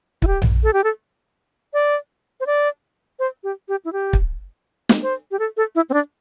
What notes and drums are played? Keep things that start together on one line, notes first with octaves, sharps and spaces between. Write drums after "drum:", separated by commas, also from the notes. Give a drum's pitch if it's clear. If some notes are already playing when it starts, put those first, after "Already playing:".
E4, drum: kick
G4
drum: tom A#1
A4
G4
A4
D5
C5
D5
C5
G4
G4
E4
G4
drum: kick
drum: snare
C5
G4
A4
A4
E4
C4
D4